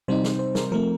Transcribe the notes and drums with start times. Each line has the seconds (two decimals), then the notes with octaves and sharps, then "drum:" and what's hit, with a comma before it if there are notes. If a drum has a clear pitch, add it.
0.08 C3 G3 C4 D#4 C5
0.24 drum: snare
0.39 C5
0.55 A#4, drum: snare
0.72 F3 A3 C4 A#4